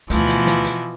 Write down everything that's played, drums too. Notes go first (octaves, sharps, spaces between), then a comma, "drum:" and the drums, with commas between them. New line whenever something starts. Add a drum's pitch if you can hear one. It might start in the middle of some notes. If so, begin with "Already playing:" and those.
D2 B2 E3 F3 A3, drum: hi-hat
drum: hi-hat
drum: snare
drum: hi-hat